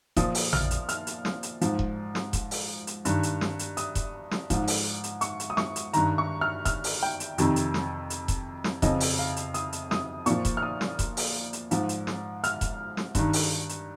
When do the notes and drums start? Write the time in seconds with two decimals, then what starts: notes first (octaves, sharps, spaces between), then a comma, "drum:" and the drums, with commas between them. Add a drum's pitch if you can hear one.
0.16 A#2 F3 D#6, drum: kick E1, hi-hat
0.35 drum: open hi-hat
0.53 F6, drum: tom A1
0.71 drum: hi-hat
0.89 F6, drum: hi-hat
1.07 drum: hi-hat
1.25 drum: snare
1.43 drum: hi-hat
1.61 G#2 F3, drum: hi-hat
1.79 drum: kick E1
2.15 drum: snare
2.33 drum: kick E1, hi-hat
2.51 drum: open hi-hat
2.87 drum: hi-hat
3.05 G2 D#3, drum: hi-hat
3.23 drum: hi-hat
3.41 drum: snare
3.59 drum: hi-hat
3.77 D#6, drum: hi-hat
3.95 drum: kick E1, hi-hat
4.31 drum: snare
4.50 G#2 F3, drum: kick E1, hi-hat
4.67 drum: open hi-hat
5.04 drum: hi-hat
5.21 C#6, drum: hi-hat
5.40 drum: hi-hat
5.50 D#6
5.57 C#6, drum: snare
5.76 drum: hi-hat
5.93 G2 D#3 A#5, drum: hi-hat
6.18 C#6
6.41 F6
6.65 F6, drum: kick E1, hi-hat
6.84 drum: open hi-hat
7.03 G5
7.20 drum: hi-hat
7.38 F2 C3 D#3, drum: hi-hat
7.56 drum: hi-hat
7.74 drum: snare
8.10 drum: hi-hat
8.28 drum: kick E1, hi-hat
8.64 drum: snare
8.82 F2 C#3 F3 D#5, drum: kick E1, hi-hat
9.00 drum: open hi-hat
9.19 F5
9.36 drum: hi-hat
9.54 D#6, drum: hi-hat
9.73 drum: hi-hat
9.91 D#6, drum: snare
10.26 A#2 F3 C#6, drum: hi-hat
10.45 drum: kick E1, hi-hat
10.57 F6
10.63 D#6
10.81 drum: snare
10.99 drum: kick E1, hi-hat
11.17 drum: open hi-hat
11.53 drum: hi-hat
11.71 G#2 F3, drum: hi-hat
11.89 drum: hi-hat
12.07 drum: snare
12.44 F6, drum: hi-hat
12.61 drum: kick E1, hi-hat
12.97 drum: snare
13.15 G2 D#3, drum: kick E1, hi-hat
13.33 drum: open hi-hat
13.69 drum: hi-hat